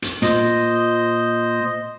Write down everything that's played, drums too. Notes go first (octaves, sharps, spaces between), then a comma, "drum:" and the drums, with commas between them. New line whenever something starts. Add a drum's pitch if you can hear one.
drum: hi-hat
A#2 C5 D#5, drum: hi-hat